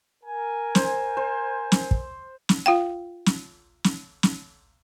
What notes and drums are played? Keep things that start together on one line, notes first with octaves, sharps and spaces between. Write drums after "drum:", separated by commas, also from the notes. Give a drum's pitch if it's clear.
A#4 G#5
C5, drum: snare
C5
drum: snare
drum: kick
drum: snare
F4 F5 G5
drum: snare
drum: snare
drum: snare